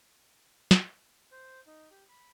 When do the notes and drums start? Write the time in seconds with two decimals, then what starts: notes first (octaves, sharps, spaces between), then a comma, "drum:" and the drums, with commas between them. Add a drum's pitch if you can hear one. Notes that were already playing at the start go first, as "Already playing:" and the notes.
0.71 drum: snare
1.32 C5
1.67 D#4
1.91 G4
2.09 B5